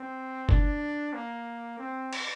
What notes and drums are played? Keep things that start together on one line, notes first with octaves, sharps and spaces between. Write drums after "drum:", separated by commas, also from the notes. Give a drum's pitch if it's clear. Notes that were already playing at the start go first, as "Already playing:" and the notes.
Already playing: C4
D4, drum: kick F#1
A#3
C4
drum: cymbal